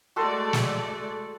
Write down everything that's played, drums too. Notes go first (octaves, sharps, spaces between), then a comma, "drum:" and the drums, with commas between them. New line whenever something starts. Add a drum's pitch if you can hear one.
G#3 A3 F#4 A4 D5 C6
drum: snare